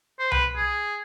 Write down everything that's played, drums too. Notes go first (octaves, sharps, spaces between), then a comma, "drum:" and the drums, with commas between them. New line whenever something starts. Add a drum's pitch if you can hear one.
C5
B4, drum: tom C2
G#4